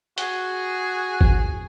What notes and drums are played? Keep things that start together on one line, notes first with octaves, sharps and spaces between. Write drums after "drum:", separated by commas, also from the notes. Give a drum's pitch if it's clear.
F#4 G#4, drum: hi-hat
drum: kick G#1